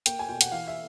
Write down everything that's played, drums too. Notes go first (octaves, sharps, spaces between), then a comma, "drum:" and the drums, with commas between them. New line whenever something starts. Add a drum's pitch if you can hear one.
A#3 G5, drum: hi-hat
G#5
B2 G5
F#5, drum: hi-hat
E3 F5
E5